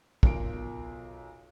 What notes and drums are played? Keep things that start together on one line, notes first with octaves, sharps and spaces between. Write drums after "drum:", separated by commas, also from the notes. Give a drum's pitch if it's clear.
B1 F4 A#4 D7, drum: kick